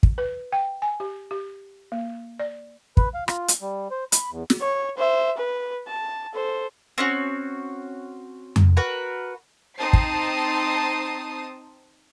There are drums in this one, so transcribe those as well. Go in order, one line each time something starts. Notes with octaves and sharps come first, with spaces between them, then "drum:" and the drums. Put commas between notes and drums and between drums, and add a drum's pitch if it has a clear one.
drum: kick
B4
G5
G#5
G4
G4
A#3
D5
B4, drum: kick
F5
F4, drum: rim click
drum: hi-hat
G3
C5
B5, drum: hi-hat
E2
drum: snare
C#5
C5 E5
B4
A5
A4 C5
C4 C#4 F#4
drum: tom F2
F#4 A#4 B4
C4 D#4 A5 D#6 C7
drum: kick